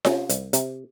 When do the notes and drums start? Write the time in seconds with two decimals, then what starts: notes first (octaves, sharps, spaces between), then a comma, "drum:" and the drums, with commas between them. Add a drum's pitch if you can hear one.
0.05 C3 C#4, drum: snare F4
0.29 C2, drum: hi-hat
0.53 C3, drum: hi-hat